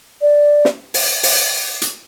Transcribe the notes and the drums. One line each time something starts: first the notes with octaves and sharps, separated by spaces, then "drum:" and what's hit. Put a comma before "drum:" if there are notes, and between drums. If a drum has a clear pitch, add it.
D5
drum: snare
drum: open hi-hat
drum: open hi-hat
drum: hi-hat